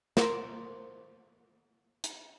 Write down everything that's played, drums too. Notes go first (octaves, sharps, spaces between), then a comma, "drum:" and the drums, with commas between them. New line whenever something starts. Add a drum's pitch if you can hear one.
A#4 C5, drum: snare
drum: hi-hat